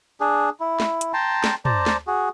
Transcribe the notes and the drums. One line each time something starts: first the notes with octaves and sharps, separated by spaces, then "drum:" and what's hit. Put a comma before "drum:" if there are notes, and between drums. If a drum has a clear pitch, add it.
D4 G#4
E4
drum: snare
drum: hi-hat
G5 A5 A#5 C6
drum: snare
C5 D5 A5 A#5, drum: tom
drum: snare
F#4 G#4